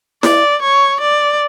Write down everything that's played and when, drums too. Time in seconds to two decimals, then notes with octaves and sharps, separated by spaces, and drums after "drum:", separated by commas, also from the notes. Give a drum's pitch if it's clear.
0.23 D5, drum: snare E4
0.62 C#5
1.01 D5